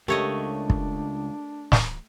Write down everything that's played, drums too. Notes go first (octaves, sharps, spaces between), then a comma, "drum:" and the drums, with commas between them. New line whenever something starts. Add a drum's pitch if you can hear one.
C#2 A3 D4 G4 A#4 C#5 D#5
drum: kick
drum: snare